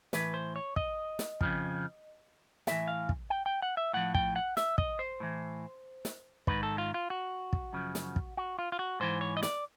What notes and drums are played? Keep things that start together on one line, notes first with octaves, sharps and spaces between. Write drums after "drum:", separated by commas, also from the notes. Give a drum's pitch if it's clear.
A2 E3 B4, drum: snare
C5
C#5
D#5, drum: kick
drum: snare
F2 C#3 F3, drum: kick
A2 E3 E5, drum: snare
F5
drum: kick
G5
G5
F#5
E5
A2 F3 F#5
G5, drum: kick
F#5
E5, drum: snare
D#5, drum: kick
C5
A2 E3
drum: snare
G#2 D#3 B4, drum: kick
A4
F4
F4
F#4
drum: kick
F#2 C#3 F3
drum: snare
drum: kick
F#4
F4
F4
F#4
G#2 E3 C5
C#5
D#5
D5, drum: snare